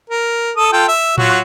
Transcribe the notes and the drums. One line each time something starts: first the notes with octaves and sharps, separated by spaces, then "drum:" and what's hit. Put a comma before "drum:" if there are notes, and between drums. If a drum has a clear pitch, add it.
A#4
A4 D#6
F4 A4 G5
E5
F#3 F4 F#4, drum: tom A2